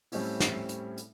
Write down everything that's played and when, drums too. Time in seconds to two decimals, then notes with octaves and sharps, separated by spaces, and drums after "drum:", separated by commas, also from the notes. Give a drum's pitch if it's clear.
0.12 A2 G3 A3 C4 C#4 E4, drum: open hi-hat
0.40 drum: snare
0.69 drum: hi-hat
0.97 drum: hi-hat